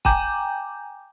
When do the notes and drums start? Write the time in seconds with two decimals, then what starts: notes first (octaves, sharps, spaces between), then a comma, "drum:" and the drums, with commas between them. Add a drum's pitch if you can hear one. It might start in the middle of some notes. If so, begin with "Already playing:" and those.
0.05 G5 G#5 A#5 D6 G6, drum: kick